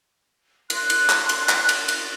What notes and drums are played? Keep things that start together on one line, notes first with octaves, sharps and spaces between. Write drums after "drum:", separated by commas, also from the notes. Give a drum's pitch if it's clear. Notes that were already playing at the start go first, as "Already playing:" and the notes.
C6 F#6, drum: cymbal
drum: cymbal
drum: clap
drum: cymbal
drum: clap
drum: cymbal
drum: cymbal